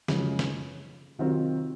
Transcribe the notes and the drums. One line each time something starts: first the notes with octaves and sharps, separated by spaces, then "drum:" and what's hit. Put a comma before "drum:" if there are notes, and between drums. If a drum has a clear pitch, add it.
F#2 C#3 F3 G#3, drum: snare
drum: snare
C3 D#3 F#3 C4 F4